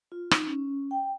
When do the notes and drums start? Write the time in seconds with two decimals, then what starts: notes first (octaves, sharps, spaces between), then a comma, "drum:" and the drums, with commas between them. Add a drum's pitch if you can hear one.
0.12 F4
0.31 D#4, drum: rim click
0.47 C#4
0.91 G5